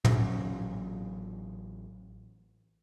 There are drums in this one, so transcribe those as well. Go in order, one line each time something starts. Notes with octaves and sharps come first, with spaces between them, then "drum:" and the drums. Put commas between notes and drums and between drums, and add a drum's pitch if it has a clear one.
A1 F#3 A3 C#4, drum: tom